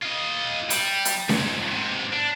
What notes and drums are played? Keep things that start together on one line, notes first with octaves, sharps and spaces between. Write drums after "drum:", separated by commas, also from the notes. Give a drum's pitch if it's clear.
F4 D#5
G3, drum: hi-hat
drum: hi-hat
F2 G#2, drum: snare C#4
G#2 C3
D4